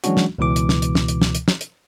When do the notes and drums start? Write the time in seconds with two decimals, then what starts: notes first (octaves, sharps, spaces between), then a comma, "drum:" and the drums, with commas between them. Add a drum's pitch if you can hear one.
0.04 E3 F#3 G#3 C#4 D4 F#4, drum: hi-hat
0.17 drum: snare
0.38 C#2 B2 E3 D6
0.56 drum: hi-hat
0.69 drum: snare
0.82 drum: hi-hat
0.95 drum: snare
1.08 drum: hi-hat
1.22 drum: snare
1.35 drum: hi-hat
1.48 drum: snare
1.61 drum: hi-hat